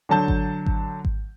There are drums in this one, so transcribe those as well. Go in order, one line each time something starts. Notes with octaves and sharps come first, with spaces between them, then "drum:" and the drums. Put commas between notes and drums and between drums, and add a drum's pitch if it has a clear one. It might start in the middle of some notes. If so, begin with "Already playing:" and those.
D3 F#3 A5 G6
drum: kick G#1
drum: kick G#1
drum: kick G#1